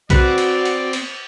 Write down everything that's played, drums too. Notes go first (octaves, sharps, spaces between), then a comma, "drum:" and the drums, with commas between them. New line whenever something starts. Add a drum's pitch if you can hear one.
C4 F#4 B4 D5, drum: kick B1, cymbal
drum: cymbal
drum: cymbal
drum: cymbal